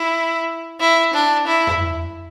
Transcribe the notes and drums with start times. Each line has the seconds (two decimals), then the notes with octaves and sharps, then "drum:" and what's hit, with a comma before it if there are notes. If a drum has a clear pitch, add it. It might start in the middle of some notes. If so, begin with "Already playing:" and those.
Already playing: E4
0.80 E4
1.14 D4
1.47 E4
1.67 drum: tom F2